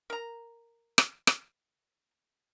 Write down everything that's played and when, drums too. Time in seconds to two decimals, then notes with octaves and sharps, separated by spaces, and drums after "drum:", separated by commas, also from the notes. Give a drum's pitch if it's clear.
0.10 A#4 A#5
0.98 drum: rim click
1.27 drum: rim click